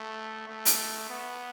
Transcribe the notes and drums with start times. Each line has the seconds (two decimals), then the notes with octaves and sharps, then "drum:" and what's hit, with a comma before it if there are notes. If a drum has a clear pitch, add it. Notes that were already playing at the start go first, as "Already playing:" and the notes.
Already playing: A3
0.48 A3
0.65 drum: hi-hat
1.09 B3